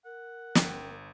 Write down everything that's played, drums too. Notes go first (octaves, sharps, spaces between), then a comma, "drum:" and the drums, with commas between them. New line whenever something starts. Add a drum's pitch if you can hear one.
A#4 F#5
G1 C#4 G5, drum: snare